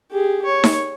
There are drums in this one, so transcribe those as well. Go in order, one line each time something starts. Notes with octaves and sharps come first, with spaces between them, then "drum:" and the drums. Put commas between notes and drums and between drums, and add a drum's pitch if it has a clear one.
G4 G#4
C#5
drum: snare D#4